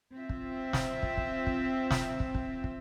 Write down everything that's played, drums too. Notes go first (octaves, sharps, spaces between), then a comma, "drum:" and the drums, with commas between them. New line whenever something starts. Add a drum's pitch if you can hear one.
C4 F4 E5
drum: kick
drum: snare
drum: kick
drum: kick
drum: kick
drum: snare
drum: kick
drum: kick
drum: kick